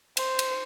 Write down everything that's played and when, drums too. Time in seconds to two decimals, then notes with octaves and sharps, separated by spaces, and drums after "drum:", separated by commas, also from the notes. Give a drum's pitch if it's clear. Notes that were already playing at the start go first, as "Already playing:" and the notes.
0.17 C5, drum: cymbal
0.39 drum: cymbal